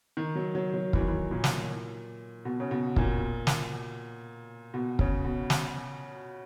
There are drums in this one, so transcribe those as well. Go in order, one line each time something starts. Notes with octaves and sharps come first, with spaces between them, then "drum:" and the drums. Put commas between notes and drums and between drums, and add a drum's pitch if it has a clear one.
D#3
F#3
F#3
F#3
E3, drum: kick
D#3
E3
A#2
drum: snare
B2
C#3
B2
A#2, drum: kick
drum: snare
B2
C#3, drum: kick
B2
drum: snare